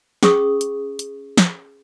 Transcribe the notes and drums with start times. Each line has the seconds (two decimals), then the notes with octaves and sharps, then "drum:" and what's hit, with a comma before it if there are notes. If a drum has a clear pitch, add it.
0.23 C#4 G#4 C#6 D#6, drum: snare
0.61 drum: hi-hat
0.99 drum: hi-hat
1.37 drum: snare